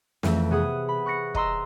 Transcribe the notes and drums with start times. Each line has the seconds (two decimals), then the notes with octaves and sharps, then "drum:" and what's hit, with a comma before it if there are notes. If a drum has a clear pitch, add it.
0.23 F2 E3 A3, drum: snare
0.50 C3 B3 G#4 F#5 D#6
0.89 B5
1.06 C#6 F#6 A#6 C#7
1.35 D#5 A#5 C6 E6, drum: kick